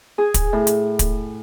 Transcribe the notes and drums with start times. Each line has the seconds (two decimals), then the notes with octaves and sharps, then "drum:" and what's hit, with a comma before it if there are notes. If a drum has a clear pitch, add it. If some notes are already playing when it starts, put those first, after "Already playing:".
0.18 G#4
0.34 drum: kick, hi-hat
0.53 A2
0.67 drum: hi-hat
0.99 drum: kick, hi-hat